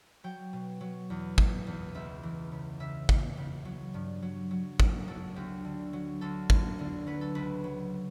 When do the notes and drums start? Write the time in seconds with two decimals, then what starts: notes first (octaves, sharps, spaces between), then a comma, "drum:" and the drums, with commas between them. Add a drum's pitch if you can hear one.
0.24 F#3 G5
0.53 B2
0.81 F#3
1.10 E2
1.38 E2, drum: kick
1.67 E2
1.95 C#2 E5
2.23 E3
2.52 C#3
2.80 C#3 E5
3.09 C#3, drum: kick
3.37 C#3
3.65 F#3
3.94 G2
4.22 F#3
4.51 F#3
4.80 F#3, drum: kick
5.08 F#3 A4
5.36 D2 G4
5.65 D3
5.93 F#3
6.21 D2 A4
6.50 D2, drum: kick
6.79 D3
7.07 F#3 B4
7.21 A4
7.35 C#2 B4
7.64 F#3